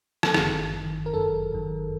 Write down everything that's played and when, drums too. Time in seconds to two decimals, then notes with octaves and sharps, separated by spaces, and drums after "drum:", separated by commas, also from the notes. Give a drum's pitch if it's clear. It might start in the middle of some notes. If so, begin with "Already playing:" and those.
0.23 A4, drum: rim click
0.34 G1 F#2 D#3 G#4, drum: rim click
0.74 G1 F#2 D#3
1.06 A#4
1.13 G1 F#2 D#3 A4
1.52 G1 F#2 D#3